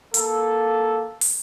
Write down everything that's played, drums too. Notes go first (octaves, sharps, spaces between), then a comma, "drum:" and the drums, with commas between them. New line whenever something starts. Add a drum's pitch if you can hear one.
A#3 A4, drum: hi-hat
drum: open hi-hat